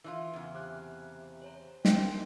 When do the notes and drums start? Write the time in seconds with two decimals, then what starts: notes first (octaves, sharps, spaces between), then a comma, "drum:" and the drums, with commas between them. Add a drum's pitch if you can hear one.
0.04 E3 D4 F4 E6
0.33 E2 C#3
0.55 C3 D6 F6 F#6
1.42 C5 C#5 A#5
1.85 D#4 A#4 G5 C6, drum: snare